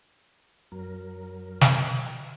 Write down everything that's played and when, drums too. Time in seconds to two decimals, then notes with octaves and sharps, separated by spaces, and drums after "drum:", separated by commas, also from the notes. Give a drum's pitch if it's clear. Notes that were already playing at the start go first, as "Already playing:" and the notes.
0.72 F#2 F#3 A#4
1.61 drum: snare